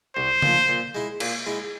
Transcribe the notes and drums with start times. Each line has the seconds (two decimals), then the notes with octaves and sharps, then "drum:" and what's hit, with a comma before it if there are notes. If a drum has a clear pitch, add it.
0.16 C2 C5
0.42 A#2 F3, drum: tom C#3
0.68 A#2
0.95 G#3 E4
1.20 A#2, drum: cymbal
1.46 G#3 E4